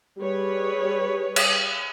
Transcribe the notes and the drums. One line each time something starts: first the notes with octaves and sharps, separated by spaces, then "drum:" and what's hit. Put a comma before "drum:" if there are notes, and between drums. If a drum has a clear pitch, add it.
G3 G#4 B4 C#5
drum: cymbal